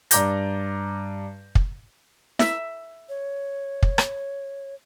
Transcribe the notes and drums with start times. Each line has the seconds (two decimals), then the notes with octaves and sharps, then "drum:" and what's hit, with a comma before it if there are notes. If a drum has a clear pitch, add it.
0.11 G2 D5 A#5 D6 G6 A#6, drum: hi-hat
1.55 drum: kick
2.39 E5, drum: snare E4
3.09 C#5
3.83 drum: kick
3.98 drum: rim click